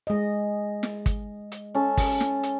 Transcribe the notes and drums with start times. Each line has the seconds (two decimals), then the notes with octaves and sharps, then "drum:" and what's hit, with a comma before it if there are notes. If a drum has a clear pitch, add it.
0.07 G#3 D#5
0.83 drum: snare
1.06 drum: kick, hi-hat
1.52 drum: hi-hat
1.75 C#4 A4
1.97 drum: kick, open hi-hat
2.20 drum: snare
2.43 drum: hi-hat